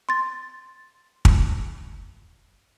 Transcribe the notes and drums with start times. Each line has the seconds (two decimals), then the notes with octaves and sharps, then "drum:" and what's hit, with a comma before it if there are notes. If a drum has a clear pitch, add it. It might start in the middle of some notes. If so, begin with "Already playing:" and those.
0.09 C6 A6
1.25 drum: kick